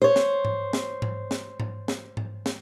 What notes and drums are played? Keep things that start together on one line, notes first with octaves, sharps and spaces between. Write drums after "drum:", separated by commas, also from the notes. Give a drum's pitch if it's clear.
C5 C#5
drum: snare
drum: tom G#2
drum: snare
drum: tom G#2
drum: snare
drum: tom G#2
drum: snare
drum: tom G#2
drum: snare